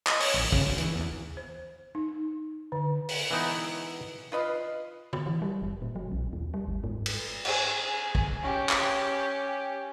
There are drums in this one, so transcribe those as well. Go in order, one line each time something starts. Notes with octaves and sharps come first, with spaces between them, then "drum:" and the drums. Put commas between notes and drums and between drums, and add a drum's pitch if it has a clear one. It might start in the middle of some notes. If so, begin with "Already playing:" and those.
D#5, drum: clap
C#5, drum: open hi-hat
A#1
C#3, drum: kick
D2
E3, drum: hi-hat
E2
C5
D#4
D3
drum: open hi-hat
E3 G#3 B3 D#4 E5 G5
F4 B4 D#5 F5
drum: tom
E3
G3
F#1
A#2
F#3
B1
D#2
G3
G#1
G#2
drum: cymbal
G#4 G#5, drum: cymbal
drum: kick
C#4 G4
drum: clap